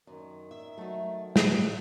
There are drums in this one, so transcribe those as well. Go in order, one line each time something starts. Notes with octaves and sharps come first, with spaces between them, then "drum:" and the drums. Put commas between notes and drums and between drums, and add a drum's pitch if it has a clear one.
F#2 D#3
E5
F#3 A3 D#4
A2 B3 C4 B4, drum: snare